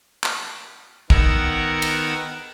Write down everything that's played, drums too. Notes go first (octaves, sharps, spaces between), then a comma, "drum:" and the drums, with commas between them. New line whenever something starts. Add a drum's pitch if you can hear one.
drum: clap
D#3 B3 A#4 F#5 E6 G#6, drum: kick
drum: cymbal